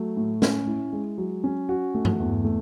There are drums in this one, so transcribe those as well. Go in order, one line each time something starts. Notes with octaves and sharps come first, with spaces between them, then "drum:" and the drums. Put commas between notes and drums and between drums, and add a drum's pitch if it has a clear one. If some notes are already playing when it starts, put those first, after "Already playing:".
Already playing: F#3 A3
A2
C#4, drum: snare
E4
G#3
F#3
C#4
F#4
A3
drum: tom G2
E2
A3